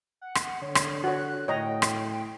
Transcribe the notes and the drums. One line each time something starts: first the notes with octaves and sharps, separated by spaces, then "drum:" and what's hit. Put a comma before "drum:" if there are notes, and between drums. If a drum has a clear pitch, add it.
F#5
drum: rim click
D3 C#5
drum: rim click
F#4 C#5 F#6
A2 C#5 D#5 G5 A#5
drum: rim click